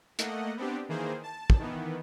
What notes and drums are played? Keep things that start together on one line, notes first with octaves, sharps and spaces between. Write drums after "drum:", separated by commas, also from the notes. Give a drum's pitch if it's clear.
A3 A#3 D#5 F#5, drum: hi-hat
B3 C4 D4 G4
D#3 E3 A#3 G#4 C5
A5
drum: kick
D#3 E3 B3